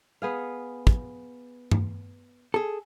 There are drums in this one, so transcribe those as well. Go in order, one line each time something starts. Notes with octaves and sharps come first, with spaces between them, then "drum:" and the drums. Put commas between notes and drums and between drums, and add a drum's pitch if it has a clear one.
B3 G#4 F5
drum: kick
drum: tom G2
G#4 A4